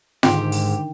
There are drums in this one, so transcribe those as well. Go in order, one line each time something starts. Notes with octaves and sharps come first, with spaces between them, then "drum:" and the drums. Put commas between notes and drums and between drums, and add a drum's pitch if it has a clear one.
G#2 D3 D#3 D#4 G4 C5 G5, drum: snare F4
drum: open hi-hat